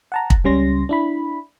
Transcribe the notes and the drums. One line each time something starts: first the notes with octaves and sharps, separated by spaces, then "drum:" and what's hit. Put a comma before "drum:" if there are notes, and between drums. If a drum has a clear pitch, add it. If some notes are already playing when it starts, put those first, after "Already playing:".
F#5 A5 A#5
drum: kick
C#2 C#3 G3 C#4 C6 A#6
D4 E4 B5